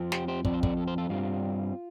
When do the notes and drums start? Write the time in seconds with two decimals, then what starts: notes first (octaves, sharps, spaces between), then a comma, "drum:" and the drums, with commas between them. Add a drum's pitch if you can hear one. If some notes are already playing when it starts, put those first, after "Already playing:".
Already playing: F2 F3 C4
0.12 G4 C5, drum: snare
0.28 G4 C5
0.45 F2 F3 C4 D5, drum: kick
0.54 C5
0.63 A4 D5, drum: kick
0.77 A4
0.88 C5
0.98 F4 A4
1.10 G2 G3 C4 F4